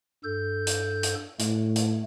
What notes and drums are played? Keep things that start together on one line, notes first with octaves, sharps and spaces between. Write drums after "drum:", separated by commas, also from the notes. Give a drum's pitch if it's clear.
G2 A4 G6
drum: hi-hat
drum: hi-hat
A2 A3, drum: hi-hat
drum: hi-hat